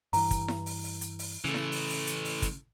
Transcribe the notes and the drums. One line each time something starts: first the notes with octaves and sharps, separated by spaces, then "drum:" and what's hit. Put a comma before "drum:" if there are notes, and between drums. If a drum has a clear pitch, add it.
G2 E3 A#5, drum: open hi-hat
drum: kick, hi-hat
drum: snare E4
drum: open hi-hat
drum: open hi-hat
drum: hi-hat
drum: open hi-hat
C#3 E3 A3
drum: snare E4
drum: open hi-hat
drum: open hi-hat
drum: hi-hat
drum: open hi-hat
drum: kick, hi-hat